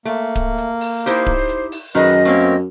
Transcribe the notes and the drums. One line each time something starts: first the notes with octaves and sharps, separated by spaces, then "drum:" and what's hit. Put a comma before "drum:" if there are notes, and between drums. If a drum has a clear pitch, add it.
A3 A#3
drum: kick D1, hi-hat
drum: hi-hat
drum: open hi-hat
D#4 E4 G4 C5
drum: kick D1
drum: hi-hat
drum: open hi-hat
F#2 D#3 D#4 G#4 B4 D#5, drum: hi-hat
A3 A#3 C4 C#4
drum: hi-hat